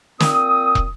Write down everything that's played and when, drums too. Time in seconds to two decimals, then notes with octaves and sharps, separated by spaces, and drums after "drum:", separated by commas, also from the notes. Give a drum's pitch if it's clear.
0.20 A#2 C4 D#6, drum: snare
0.75 drum: kick